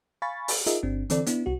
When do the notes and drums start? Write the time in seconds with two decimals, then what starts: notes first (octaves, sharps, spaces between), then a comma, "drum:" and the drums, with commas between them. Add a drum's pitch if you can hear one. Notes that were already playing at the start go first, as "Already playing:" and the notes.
0.22 F5 G#5 B5 C#6 A6
0.48 drum: open hi-hat
0.66 D#4 F4 G#4 A#4 D#5 E5, drum: hi-hat
0.83 G1 C4 D4
1.10 D3 E3 C4 A4 D5, drum: hi-hat
1.26 B3 D4 E4, drum: hi-hat
1.46 C2 F#4